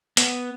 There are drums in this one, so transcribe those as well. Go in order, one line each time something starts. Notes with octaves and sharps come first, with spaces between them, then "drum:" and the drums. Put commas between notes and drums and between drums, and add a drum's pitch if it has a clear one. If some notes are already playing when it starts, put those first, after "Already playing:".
B3, drum: hi-hat